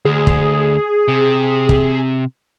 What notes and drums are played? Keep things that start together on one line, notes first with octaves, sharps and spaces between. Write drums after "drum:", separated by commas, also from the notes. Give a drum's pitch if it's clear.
D2 G#4
drum: kick
C3
drum: kick